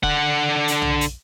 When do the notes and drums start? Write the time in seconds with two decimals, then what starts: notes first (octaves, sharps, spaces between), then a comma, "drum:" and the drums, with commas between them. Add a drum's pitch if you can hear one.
0.03 D3 F#5, drum: kick E1
0.68 drum: hi-hat
0.82 drum: tom B1
1.01 drum: hi-hat